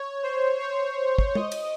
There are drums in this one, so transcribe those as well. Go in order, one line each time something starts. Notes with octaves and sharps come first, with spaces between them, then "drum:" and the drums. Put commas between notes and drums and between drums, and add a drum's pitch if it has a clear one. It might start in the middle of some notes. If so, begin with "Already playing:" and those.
Already playing: C#5
C5
C#5
drum: kick
D#5, drum: tom
drum: cymbal